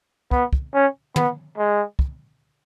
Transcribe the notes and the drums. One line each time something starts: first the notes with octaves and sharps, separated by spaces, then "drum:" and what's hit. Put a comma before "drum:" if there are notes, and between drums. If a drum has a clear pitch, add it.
B3, drum: kick
drum: kick
C#4
B3, drum: tom
G#3
drum: kick